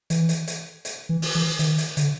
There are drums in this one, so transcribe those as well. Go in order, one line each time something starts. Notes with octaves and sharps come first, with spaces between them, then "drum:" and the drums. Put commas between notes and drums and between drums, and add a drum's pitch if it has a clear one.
E3, drum: hi-hat
drum: hi-hat
drum: hi-hat
drum: hi-hat
E3
drum: open hi-hat
E3
D#3, drum: hi-hat
drum: hi-hat
D3, drum: hi-hat